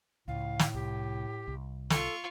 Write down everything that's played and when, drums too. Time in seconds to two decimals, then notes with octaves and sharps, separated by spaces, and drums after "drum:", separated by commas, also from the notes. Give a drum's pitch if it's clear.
0.28 C#2 A2 F5
0.59 drum: snare
0.74 C2 G4
1.48 C2
1.90 F4 A4 C#6, drum: snare